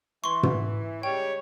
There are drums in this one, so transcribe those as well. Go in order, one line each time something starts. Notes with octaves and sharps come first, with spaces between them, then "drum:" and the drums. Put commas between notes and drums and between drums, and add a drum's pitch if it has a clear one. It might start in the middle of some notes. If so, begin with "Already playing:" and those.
E3 C6 C#6
drum: tom
C#3 G3 G#3 C#5 G5